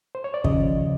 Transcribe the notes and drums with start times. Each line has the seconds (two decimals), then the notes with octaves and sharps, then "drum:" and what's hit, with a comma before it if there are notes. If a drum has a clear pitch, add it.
0.15 C5
0.24 C#5
0.34 D5
0.44 D#2 C#3 F3 D#5, drum: kick